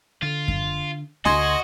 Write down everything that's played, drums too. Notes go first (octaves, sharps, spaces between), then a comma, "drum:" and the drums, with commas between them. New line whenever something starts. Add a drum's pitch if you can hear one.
D3 F4
drum: kick F#2
D2 D3 F#4 D#5 G#5 C6 G#6, drum: snare